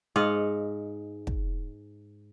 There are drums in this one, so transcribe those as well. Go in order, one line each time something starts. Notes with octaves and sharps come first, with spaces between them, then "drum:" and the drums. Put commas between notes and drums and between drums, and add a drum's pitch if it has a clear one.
G#2 D#5 F5 F#5
drum: kick